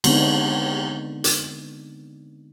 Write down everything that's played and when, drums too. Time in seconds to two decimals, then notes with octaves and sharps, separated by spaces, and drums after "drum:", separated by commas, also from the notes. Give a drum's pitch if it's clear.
0.04 D3 G#3 B3 C4 D4 D#4, drum: cymbal
1.24 drum: hi-hat